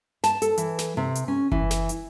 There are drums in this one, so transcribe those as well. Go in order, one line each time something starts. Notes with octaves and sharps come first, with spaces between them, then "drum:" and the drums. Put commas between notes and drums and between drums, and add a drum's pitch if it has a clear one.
A5, drum: snare
A4, drum: hi-hat
E3, drum: hi-hat
drum: snare
C3
drum: hi-hat
C#4
E3, drum: kick F#1
drum: snare
drum: hi-hat